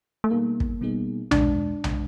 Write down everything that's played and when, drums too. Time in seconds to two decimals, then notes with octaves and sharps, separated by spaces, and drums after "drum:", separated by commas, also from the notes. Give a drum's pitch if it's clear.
0.24 A3
0.30 B2 G3 A#3 B3 D#4 G#4
0.60 drum: kick
0.81 B2 G3 B3 D#4 G#4
1.31 E2 B2 G#3 D4, drum: tom B1
1.84 B2 G#3, drum: tom B1